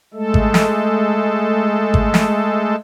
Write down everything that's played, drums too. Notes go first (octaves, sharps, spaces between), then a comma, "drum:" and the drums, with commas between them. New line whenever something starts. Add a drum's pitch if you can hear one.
G#3 A3 A4
drum: kick G#1
drum: snare
drum: kick G#1
drum: snare